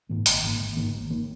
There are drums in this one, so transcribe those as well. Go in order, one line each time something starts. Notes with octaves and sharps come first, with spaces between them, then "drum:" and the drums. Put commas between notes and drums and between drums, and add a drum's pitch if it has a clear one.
G#2 D#3 A#3
G#1, drum: open hi-hat
G#2 D#3 A#3
G#1
G#2 D#3 A#3
G#1
D#3 A#3